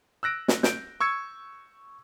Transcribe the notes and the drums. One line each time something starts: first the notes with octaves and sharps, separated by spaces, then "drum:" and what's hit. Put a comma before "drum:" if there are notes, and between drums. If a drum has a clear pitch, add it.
E6 F#6 A#6 D7
drum: snare
G6 D7, drum: snare
C#6 E6 G#6 C#7